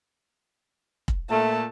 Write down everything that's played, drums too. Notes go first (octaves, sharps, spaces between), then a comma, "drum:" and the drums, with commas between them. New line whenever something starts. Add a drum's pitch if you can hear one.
drum: kick
A#2 A3 A5